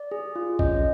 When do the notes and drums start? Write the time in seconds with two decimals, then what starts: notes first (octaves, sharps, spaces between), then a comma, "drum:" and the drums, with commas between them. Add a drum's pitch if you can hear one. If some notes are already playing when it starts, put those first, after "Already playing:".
Already playing: D5
0.11 G#4
0.36 F4
0.59 C#4 D#5, drum: kick